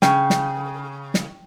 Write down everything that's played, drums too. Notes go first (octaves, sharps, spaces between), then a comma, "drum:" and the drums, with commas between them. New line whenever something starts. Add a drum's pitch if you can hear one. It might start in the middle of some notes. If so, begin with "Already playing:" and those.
C#3 G5, drum: snare
drum: snare
drum: snare